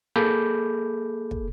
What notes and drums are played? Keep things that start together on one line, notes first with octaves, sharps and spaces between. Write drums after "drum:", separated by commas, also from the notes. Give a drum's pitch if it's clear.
A#3 G#4 A4 B5 D6 G6
drum: kick